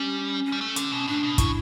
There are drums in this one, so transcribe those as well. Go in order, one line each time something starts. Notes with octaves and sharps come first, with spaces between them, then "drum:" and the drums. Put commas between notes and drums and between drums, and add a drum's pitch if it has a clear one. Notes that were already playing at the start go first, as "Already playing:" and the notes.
Already playing: G3 C#4
C#4
G3
A3
D3, drum: hi-hat
B2
A2 D4
B2
C#3 E4, drum: kick, hi-hat